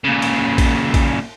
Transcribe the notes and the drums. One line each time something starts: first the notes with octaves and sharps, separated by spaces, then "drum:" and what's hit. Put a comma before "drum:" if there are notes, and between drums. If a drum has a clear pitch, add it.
A#2 C#3
drum: cymbal
drum: kick A#1, cymbal
drum: kick A#1, cymbal